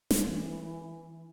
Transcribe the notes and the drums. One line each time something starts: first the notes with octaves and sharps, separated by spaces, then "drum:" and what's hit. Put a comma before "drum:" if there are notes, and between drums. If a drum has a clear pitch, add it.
drum: snare
E3